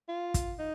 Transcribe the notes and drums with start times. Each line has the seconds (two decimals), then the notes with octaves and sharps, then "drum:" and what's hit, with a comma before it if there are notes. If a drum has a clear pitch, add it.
0.09 F4
0.34 drum: kick, hi-hat
0.59 D#4